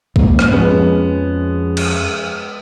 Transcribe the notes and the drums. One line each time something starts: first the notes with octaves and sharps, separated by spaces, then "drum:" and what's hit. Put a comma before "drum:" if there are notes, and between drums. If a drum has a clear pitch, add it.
G#2 A#3 C#4, drum: kick
drum: rim click
F2 F3 G#3 B3 C#4
drum: cymbal